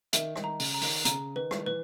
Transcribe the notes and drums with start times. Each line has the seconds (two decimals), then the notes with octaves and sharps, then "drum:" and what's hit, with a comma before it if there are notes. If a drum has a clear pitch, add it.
0.13 D#3 E5, drum: hi-hat
0.36 D#3, drum: rim click
0.44 A#5
0.60 C#3, drum: open hi-hat
0.74 A#5
0.81 D#3, drum: open hi-hat
1.05 C#3 A#5, drum: hi-hat
1.36 D#3 B4
1.51 drum: rim click
1.66 E3 B4